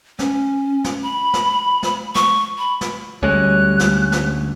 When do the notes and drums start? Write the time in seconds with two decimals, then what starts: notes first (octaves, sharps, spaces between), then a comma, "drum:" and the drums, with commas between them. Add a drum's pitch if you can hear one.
0.19 C#4, drum: snare
0.84 drum: snare
1.02 B5
1.33 drum: snare
1.83 drum: snare
2.15 C#6, drum: snare
2.58 B5
2.81 drum: snare
3.23 D2 G3 G#3 C#4 F#6
3.79 drum: snare
4.12 drum: snare